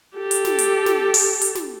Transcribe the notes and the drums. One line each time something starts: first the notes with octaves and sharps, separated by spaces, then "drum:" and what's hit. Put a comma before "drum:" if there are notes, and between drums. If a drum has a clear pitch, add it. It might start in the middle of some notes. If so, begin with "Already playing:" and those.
G4 A4
drum: hi-hat
drum: snare
drum: hi-hat
drum: snare
drum: open hi-hat
drum: hi-hat
drum: snare